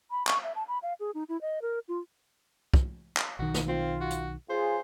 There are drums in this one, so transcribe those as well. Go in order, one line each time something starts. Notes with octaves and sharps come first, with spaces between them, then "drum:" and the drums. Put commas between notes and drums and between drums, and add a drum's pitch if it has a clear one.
B5
C#6, drum: clap
E5
A5
B5
F5
G#4
D#4
E4
D#5
A#4
F4
drum: kick
drum: clap
B1 D#3 F#4
drum: snare
C4 F4
F#4
drum: hi-hat
C#2 F4 G#4 C5